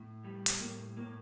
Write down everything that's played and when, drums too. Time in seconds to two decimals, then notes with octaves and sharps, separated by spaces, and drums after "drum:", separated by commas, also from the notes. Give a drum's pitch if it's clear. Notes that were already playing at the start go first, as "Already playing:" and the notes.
Already playing: A2
0.24 G3
0.46 drum: hi-hat
0.60 A2 A#3
0.97 A2 A#3